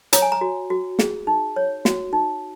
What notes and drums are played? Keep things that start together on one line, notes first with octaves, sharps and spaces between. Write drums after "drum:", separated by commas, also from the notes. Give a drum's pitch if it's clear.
C#5 A#5, drum: hi-hat
G#5
A#5
F#4
F#4
G#4, drum: snare
D#4
C#5
F#4, drum: snare
D#4